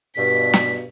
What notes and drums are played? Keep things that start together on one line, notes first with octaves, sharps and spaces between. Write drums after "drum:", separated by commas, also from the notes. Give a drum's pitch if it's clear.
G2 B2 B6
drum: snare